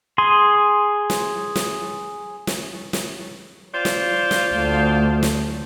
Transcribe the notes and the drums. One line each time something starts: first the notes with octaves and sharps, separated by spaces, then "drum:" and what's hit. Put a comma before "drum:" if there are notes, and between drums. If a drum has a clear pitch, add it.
G#4 C6
drum: snare
drum: snare
drum: snare
drum: snare
F4 C5 D5
drum: snare
drum: snare
D2
drum: snare